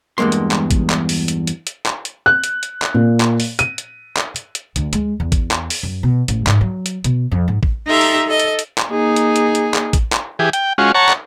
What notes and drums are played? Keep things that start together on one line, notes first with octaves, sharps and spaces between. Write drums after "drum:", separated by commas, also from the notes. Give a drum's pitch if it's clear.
E2 G2 G#3 A#3 C6
drum: hi-hat
drum: clap
drum: kick A1, hi-hat
drum: clap
drum: open hi-hat
drum: hi-hat
drum: hi-hat
drum: hi-hat
drum: clap
drum: hi-hat
F#6
drum: hi-hat
drum: hi-hat
drum: clap
A#2
drum: clap
drum: open hi-hat
D#7, drum: hi-hat
drum: hi-hat
drum: clap
drum: hi-hat
drum: hi-hat
D2, drum: hi-hat
G#3, drum: hi-hat
E2
drum: kick A1, hi-hat
drum: clap
drum: open hi-hat
F#2
B2
A1, drum: hi-hat
G#2, drum: clap
F#3
drum: hi-hat
B2, drum: hi-hat
F2
G#2
drum: kick A1
D#4 G4 A4 E5 A#5 C6
drum: open hi-hat
A4 D#5
drum: hi-hat
drum: hi-hat
drum: clap
A#3 D#4 G#4
drum: hi-hat
drum: hi-hat
drum: hi-hat
drum: clap
drum: kick A1, hi-hat
drum: clap
E3 G4 G#4
G5, drum: hi-hat
G#3 C#4 F4 F#4
C#5 F#5 A5 A#5 C#6
drum: clap